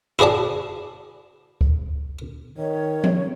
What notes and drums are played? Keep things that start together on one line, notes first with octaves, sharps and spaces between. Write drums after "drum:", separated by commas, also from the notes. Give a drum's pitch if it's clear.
E4 F#4 G#4 D5 A5
drum: kick C#2
D#3 C#5
drum: tom F3